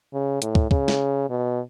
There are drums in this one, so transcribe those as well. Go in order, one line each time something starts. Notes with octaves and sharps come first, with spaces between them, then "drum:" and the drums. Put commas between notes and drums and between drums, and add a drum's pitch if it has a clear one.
C#3
A2, drum: hi-hat
drum: kick
C#3, drum: kick
drum: snare
B2